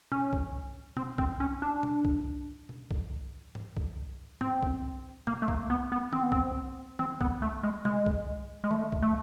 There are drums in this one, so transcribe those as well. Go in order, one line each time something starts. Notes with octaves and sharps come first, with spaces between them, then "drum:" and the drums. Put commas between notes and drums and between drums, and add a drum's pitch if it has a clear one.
C#4, drum: tom B2
drum: kick
C4, drum: tom B2
C4, drum: kick
C#4
D4
drum: tom B2
drum: kick
drum: tom B2
drum: kick
drum: tom G#2
drum: kick
C4, drum: tom G#2
drum: kick
A#3, drum: tom B2
A3
A#3, drum: kick
B3
B3
C4, drum: tom D#3
B3
C4, drum: kick
C4, drum: tom D#3
B3, drum: kick
A3
G#3
G#3, drum: tom B2
drum: kick
G#3
A3, drum: tom D#3
drum: kick
A3